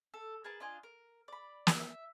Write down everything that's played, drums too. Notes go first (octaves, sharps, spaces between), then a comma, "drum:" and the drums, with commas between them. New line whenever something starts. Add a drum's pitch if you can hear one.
A4
G#4 A#4 B4 A5
D4 F4 D#5 G#5
A#4
D5 B5
drum: snare
E5